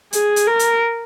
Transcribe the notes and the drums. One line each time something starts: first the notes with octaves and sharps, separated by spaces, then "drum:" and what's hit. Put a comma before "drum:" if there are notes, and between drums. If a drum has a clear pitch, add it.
G#4, drum: hi-hat
drum: hi-hat
A#4
drum: hi-hat